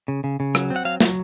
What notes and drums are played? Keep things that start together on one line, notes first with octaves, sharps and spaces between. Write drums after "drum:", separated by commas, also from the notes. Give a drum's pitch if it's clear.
C#3
C#3
C#3
F#3, drum: rim click
C4
F#5
F#3 F5
F#3, drum: snare